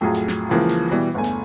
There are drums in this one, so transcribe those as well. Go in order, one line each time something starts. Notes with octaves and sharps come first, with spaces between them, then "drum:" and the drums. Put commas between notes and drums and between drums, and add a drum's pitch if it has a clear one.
F2 A2 F#3 F4 G#4 A#5
drum: hi-hat
drum: snare
C#2 C#3 E3 F3 A#3
drum: hi-hat
B2 E3 G3
G1 E2 A3 G#5
drum: hi-hat